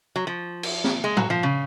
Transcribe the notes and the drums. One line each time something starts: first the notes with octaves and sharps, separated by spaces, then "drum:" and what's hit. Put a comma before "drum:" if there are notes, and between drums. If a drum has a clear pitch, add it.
F#3
F3
drum: cymbal
drum: snare C4
G#3
F#3, drum: tom
F3
C#3